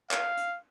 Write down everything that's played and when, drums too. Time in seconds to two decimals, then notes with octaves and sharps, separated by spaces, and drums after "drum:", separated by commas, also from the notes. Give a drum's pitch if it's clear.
0.11 F5, drum: clap
0.37 drum: hi-hat